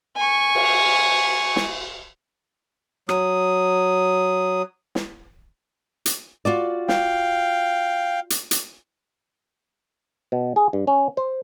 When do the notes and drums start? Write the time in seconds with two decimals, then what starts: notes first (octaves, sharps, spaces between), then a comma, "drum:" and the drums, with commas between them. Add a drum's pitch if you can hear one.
0.17 G#5 C#6
0.55 drum: cymbal
1.56 drum: snare
3.09 F#3 D#6, drum: rim click
4.95 drum: snare
6.06 drum: hi-hat
6.45 F4 F#4 D5
6.88 F5 G5, drum: snare
8.30 drum: hi-hat
8.51 drum: hi-hat
10.32 B2
10.56 G#4
10.73 G2
10.87 C#4
11.17 C5